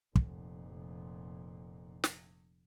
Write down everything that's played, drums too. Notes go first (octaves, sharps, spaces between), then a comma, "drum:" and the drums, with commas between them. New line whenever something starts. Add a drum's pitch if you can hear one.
F1 A#2, drum: kick
drum: snare